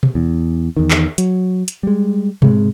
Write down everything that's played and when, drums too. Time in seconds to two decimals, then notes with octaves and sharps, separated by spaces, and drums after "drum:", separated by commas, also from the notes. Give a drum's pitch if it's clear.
0.03 drum: tom B2
0.15 E2
0.77 E2 D#3
0.91 drum: clap
1.18 F#3, drum: hi-hat
1.68 drum: hi-hat
1.83 G3 G#3
2.42 G#2 C3 G#3, drum: tom B2